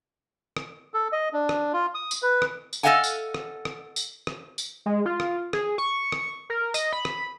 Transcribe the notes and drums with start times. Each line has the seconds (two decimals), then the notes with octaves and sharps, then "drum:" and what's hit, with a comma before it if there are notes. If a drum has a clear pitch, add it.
0.57 drum: rim click
0.94 A4
1.12 D#5
1.33 D4
1.49 drum: rim click
1.73 F4
1.95 D#6
2.11 drum: tambourine
2.22 B4
2.42 drum: rim click
2.73 drum: tambourine
2.83 A4 C5 D#5 F5 F#5 G#5
3.04 drum: tambourine
3.34 drum: rim click
3.65 drum: rim click
3.96 drum: tambourine
4.27 drum: rim click
4.58 drum: tambourine
4.86 G#3
5.06 F4
5.20 drum: rim click
5.53 G#4, drum: rim click
5.78 C#6
6.12 drum: rim click
6.50 A#4
6.74 D#5, drum: tambourine
6.93 B5
7.05 drum: rim click